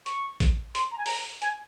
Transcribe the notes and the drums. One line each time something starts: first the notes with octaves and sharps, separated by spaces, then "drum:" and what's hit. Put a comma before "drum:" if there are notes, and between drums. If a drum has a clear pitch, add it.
C#6, drum: hi-hat
drum: kick A#1, hi-hat
C6, drum: hi-hat
A#5
G#5
A#5, drum: open hi-hat
G#5, drum: hi-hat